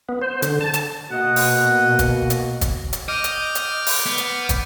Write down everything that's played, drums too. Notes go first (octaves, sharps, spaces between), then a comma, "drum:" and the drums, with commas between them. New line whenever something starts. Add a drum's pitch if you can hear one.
B3
C5
D3, drum: hi-hat
A5
drum: hi-hat
B2 A#3 F#4 D#5 F#5
drum: open hi-hat
drum: kick, hi-hat
drum: hi-hat
drum: kick, hi-hat
drum: hi-hat
D#5 D6 F6 G6
drum: hi-hat
drum: hi-hat
drum: open hi-hat
B3
drum: hi-hat
drum: kick, hi-hat